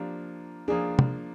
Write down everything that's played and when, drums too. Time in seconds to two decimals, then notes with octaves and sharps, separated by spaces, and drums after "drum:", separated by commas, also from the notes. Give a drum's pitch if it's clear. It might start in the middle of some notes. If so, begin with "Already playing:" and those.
Already playing: F3 A#3 D4 G4
0.68 F3 A#3 D4 G#4
0.99 drum: tom